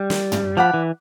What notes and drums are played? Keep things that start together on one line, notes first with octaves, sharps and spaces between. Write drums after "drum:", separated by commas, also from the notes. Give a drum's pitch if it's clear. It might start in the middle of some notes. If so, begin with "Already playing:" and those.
Already playing: G3
drum: snare
drum: tom
F3 D5 F#5 B5
E3